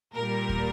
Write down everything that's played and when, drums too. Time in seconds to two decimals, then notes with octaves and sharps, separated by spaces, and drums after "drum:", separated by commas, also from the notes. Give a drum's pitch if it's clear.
0.14 A#2 G3 A#4
0.49 drum: kick